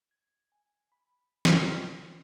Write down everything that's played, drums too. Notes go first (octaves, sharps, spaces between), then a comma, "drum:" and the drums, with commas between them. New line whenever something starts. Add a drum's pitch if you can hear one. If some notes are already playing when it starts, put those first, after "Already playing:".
G#6
G#5
B5
A#3, drum: snare
D#6